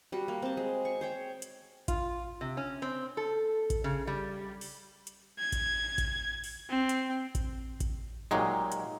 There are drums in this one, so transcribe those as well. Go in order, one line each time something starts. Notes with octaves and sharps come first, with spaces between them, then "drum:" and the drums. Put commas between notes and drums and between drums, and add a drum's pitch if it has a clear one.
G3 F#4
A#3
C4 A5
G#3
C#6
C5 C#5 G5
drum: hi-hat
F4, drum: kick A1, hi-hat
C3
C#4
C4
A4
drum: kick A1, hi-hat
C#3
G3
drum: open hi-hat
drum: hi-hat
G#6
drum: kick A1, hi-hat
drum: kick A1, hi-hat
drum: open hi-hat
C4
drum: hi-hat
drum: kick A1, hi-hat
drum: kick A1, hi-hat
A#2 F#3 G#3 D#4 G4
drum: hi-hat